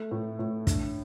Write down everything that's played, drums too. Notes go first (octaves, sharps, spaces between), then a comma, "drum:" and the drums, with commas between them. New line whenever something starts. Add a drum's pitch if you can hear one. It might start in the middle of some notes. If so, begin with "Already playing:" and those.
Already playing: A3
A2
A2
D4, drum: kick, hi-hat